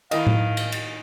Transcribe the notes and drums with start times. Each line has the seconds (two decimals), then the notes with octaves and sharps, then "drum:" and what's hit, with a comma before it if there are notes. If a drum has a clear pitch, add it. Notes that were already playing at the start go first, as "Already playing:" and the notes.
0.11 D#3 E4 A#4 D#5 F5, drum: cymbal
0.27 drum: tom A2
0.57 drum: cymbal
0.72 drum: cymbal